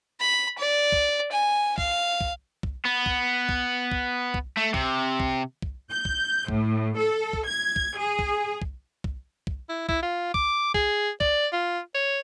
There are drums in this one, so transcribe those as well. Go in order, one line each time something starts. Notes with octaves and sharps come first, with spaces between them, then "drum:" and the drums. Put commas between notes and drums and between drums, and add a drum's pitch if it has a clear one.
B5
D5
drum: kick
G#5
F5, drum: kick
drum: kick
drum: kick
B3
drum: kick
drum: kick
drum: kick
drum: kick
A3
C3, drum: kick
drum: kick
drum: kick
G6
drum: kick
A2, drum: kick
A4
drum: kick
G#6
drum: kick
G#4
drum: kick
drum: kick
drum: kick
drum: kick
E4
E4, drum: kick
F4
D6, drum: kick
G#4, drum: kick
D5, drum: kick
F4
C#5